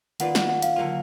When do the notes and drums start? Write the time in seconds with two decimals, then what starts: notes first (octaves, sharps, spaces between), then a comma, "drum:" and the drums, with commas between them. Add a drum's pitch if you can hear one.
0.20 D#3 A#3 F4 B4 D5 F#5, drum: hi-hat
0.35 F#5, drum: snare
0.49 F#5
0.62 F5, drum: hi-hat
0.76 D3 F#3 A#3 F4